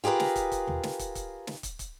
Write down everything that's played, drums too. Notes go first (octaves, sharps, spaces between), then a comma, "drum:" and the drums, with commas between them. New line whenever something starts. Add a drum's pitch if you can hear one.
F4 G4 G#4 A#4 B4
drum: snare
drum: kick, hi-hat
drum: kick, hi-hat
drum: tom
drum: snare
drum: kick, hi-hat
drum: kick, hi-hat
drum: snare
drum: kick, hi-hat
drum: kick, hi-hat